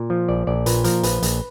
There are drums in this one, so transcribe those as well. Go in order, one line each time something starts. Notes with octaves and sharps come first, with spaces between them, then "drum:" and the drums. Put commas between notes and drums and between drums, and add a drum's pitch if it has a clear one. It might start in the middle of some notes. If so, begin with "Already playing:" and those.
Already playing: A#2
F3
A#1 D5
A#1 D5
A#2 B4, drum: hi-hat
F3 A#4, drum: hi-hat
A#1 B4, drum: hi-hat
A#1, drum: hi-hat